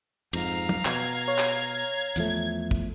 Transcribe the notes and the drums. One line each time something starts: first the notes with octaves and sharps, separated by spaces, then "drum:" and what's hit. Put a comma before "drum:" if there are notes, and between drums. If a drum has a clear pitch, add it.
F2 G#2 F5 A#5, drum: cymbal
drum: tom
B2 G#6, drum: clap
C#5
drum: clap
E2 F3 A3, drum: hi-hat
drum: kick